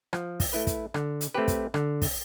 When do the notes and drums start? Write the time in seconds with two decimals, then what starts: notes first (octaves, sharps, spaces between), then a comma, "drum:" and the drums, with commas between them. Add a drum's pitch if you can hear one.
0.13 F3, drum: rim click
0.40 drum: kick, open hi-hat
0.53 A3 E4 B4
0.67 drum: kick, hi-hat
0.94 D3, drum: rim click
1.21 drum: hi-hat
1.34 A3 C4 G4 B4
1.48 drum: kick, hi-hat
1.74 D3, drum: rim click
2.02 drum: kick, open hi-hat